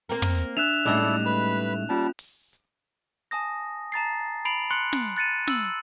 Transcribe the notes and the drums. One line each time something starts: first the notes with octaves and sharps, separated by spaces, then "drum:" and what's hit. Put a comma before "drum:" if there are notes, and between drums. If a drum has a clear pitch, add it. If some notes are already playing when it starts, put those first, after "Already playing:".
A#3 C4 A#4, drum: hi-hat
drum: tom
D4 E5 F#6 E7 F7
drum: hi-hat
A2 G3 G#3 C#4 D#4 E4 A4 D5
B4 B5
G3 A#3 C#4 F4 A5
drum: open hi-hat
drum: hi-hat
G#5 A5 D#6 A#6
A5 A#5 A6 C7
B5 C7 D7 F7 F#7
C6 F#6 C#7 F#7
drum: snare
F#6 A6 C#7 D#7 E7
E6 F#7, drum: snare